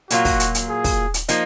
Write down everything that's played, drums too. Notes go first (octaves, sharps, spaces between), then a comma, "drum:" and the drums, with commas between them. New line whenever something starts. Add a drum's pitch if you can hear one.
A#2 F#3 A#3 F4 F#4, drum: hi-hat
drum: kick, open hi-hat
drum: hi-hat
drum: hi-hat
G#4
drum: kick, open hi-hat
drum: hi-hat
F3 A#3 D#4, drum: hi-hat